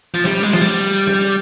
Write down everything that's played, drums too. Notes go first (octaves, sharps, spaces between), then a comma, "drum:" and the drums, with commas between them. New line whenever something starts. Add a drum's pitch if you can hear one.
F3
G3, drum: snare
G#3
F3, drum: snare
G3
drum: hi-hat
drum: snare
drum: hi-hat